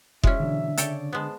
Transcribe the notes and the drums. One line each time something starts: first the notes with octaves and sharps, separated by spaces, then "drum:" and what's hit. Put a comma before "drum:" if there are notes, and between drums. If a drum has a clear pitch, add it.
G#3 C#4 E4 F#4 D5 E5, drum: kick F1
B2 D3 E3 F#3 D4
C#3 A4 C#5 D5 G5, drum: hi-hat
G#3 B3 C5 A5